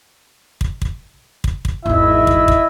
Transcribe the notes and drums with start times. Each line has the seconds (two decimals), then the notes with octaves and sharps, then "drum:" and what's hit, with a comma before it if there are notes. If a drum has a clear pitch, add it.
0.61 drum: kick
0.82 drum: kick
1.44 drum: kick
1.65 drum: kick
1.86 G#1 E2 E4 D#5 E5
2.27 drum: kick
2.48 drum: kick